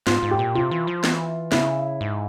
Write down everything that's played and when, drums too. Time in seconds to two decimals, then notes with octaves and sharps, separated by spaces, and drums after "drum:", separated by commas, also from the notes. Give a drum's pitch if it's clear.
0.07 G#2 F4, drum: snare
0.23 G#2
0.31 G4
0.39 A#2
0.55 C3 F4
0.71 E3
0.87 F3
1.04 E3, drum: snare
1.52 C#3 E4, drum: snare
2.01 G#2